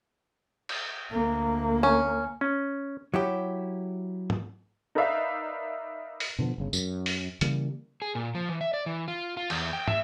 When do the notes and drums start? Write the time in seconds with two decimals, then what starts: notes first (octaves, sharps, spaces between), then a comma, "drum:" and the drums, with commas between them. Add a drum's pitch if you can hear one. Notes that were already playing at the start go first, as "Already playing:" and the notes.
0.69 drum: cymbal
1.11 D2 A#3
1.83 C#4
2.41 C#4
3.14 F#3 E4 G4
4.30 drum: tom
4.95 D#4 A#4 B4 D5 E5 F5
6.20 drum: open hi-hat
6.39 B2 D3 F3 B3
6.58 G1 C#3
6.73 F#2, drum: tambourine
7.06 drum: open hi-hat
7.41 C#3 E3 G3 A#3, drum: hi-hat
8.02 G#4
8.15 A#2
8.35 F3
8.49 E3
8.61 E5
8.74 D5
8.86 E3
9.08 F4
9.37 F4
9.50 E2, drum: cymbal
9.73 G5
9.88 E5, drum: tom